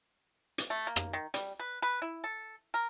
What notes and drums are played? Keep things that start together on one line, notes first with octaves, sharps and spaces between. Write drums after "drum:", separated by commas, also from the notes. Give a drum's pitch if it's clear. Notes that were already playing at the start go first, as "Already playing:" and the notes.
drum: hi-hat
A3
A#3
drum: rim click
D#3
G3, drum: hi-hat
B4
B4
E4
A4
A#4